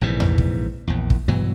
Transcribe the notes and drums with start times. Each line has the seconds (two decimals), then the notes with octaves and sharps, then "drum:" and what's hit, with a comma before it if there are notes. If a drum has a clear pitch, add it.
0.01 A#1 G#2 C3 E3
0.20 drum: tom E2
0.38 drum: kick
0.87 A#1 E2
1.10 drum: kick
1.28 G2 B2 E3 F#3